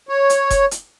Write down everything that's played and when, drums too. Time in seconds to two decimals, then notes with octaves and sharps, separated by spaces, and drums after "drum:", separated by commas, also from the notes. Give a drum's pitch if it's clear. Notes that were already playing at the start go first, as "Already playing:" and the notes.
0.09 C#5
0.30 drum: hi-hat
0.50 drum: kick F1, hi-hat
0.71 drum: hi-hat